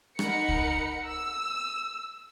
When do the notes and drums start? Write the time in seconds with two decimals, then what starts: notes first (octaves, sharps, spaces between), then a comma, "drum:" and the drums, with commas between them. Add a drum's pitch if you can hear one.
0.19 D#4 A#4 F#5 B5 C#7, drum: rim click
0.49 drum: kick
1.05 E6